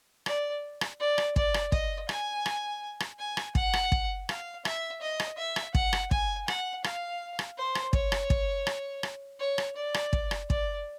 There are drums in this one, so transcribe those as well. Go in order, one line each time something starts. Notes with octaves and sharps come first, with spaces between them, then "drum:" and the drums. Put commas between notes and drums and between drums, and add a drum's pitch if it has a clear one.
D5, drum: rim click
drum: rim click
D5
drum: rim click
D5, drum: kick
drum: rim click
D#5, drum: kick
G#5, drum: rim click
drum: rim click
drum: rim click
G#5
drum: rim click
F#5, drum: kick
drum: rim click
drum: kick
F5, drum: rim click
E5, drum: rim click
D#5
drum: rim click
E5
drum: rim click
F#5, drum: kick
drum: rim click
G#5, drum: kick
F#5, drum: rim click
F5, drum: rim click
drum: rim click
C5
drum: rim click
C#5, drum: kick
drum: rim click
drum: kick
drum: rim click
drum: rim click
C#5
drum: rim click
D5
drum: rim click
drum: kick
drum: rim click
D5, drum: kick